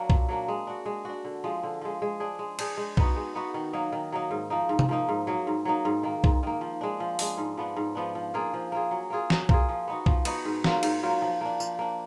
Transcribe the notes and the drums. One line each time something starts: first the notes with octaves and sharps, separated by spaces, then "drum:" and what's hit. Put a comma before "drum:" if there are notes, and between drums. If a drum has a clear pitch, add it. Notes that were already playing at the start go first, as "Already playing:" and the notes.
Already playing: F#3 A#3 D4
A#2, drum: kick B1
F#3 A#3 D4
G#3
D4 F#4
G#3
D4 F#4
D3
F3 G#3
D3
F3 G#3
G#3
D4 G#4
G#3
D4 G#4, drum: cymbal
G#3
B3 D#4 F#4, drum: kick B1
G#3
B3 D#4 F#4
D#3
F#3 A#3 D#4
D#3
F#3 A#3 D#4
G#2
F3 A#3 D#4
G#2
drum: tom C3
F3 A#3 D#4
G#2
F#3 A#3 D#4
G#2
F#3 A#3 D#4
G#2
D#3 A#3
G#2, drum: kick B1
D#3 A#3
F3
G#3 D4
F3
G#3 D4, drum: open hi-hat
G#2
F3 B3 D4
G#2
F3 B3 D4
F3
A#3 F4 G#4
F3
A#3 F4 G#4
F#3
A#3 F4 G#4
F#3, drum: snare
A#3 F4 G#4, drum: kick B1
F3
B3 D#4 F#4
F3, drum: kick B1
B3 D#4 F#4, drum: cymbal
G#2
F#3 A#3 F4, drum: snare
G#2, drum: cymbal
F#3 A#3 F4
F3
A#3 D4
F3, drum: tambourine
A#3 D4